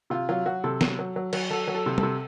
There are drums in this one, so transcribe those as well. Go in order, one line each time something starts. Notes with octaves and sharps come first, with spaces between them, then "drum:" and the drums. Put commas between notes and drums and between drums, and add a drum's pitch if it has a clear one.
C3 F4
F#3 F4
F#3 F#4
C3 A4
F#3, drum: snare
F#3
F#3
F#3, drum: cymbal
F#3 A4
F#3
A4
C3
A4, drum: tom
C3